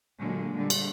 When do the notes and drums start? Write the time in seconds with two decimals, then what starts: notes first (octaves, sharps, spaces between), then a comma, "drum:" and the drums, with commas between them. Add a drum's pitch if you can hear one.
0.19 A#2 D3 F#3 G#3
0.55 D3 G3
0.70 drum: cymbal